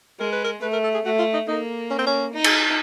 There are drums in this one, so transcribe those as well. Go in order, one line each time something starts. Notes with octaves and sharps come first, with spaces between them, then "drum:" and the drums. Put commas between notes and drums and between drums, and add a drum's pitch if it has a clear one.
G#3 A#4
B4
A#4
A3 B4
A#4
A4
G#4
A3 F#4
F4
D#4
A#3 D#4
C#4
C4
C#4
D#4
drum: cymbal